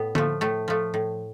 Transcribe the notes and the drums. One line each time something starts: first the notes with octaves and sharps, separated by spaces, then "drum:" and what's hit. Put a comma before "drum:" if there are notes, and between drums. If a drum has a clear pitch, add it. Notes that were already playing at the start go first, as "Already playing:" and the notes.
Already playing: A2 B3
F3 A3, drum: tom D3
A2 A3
F3 A3
A2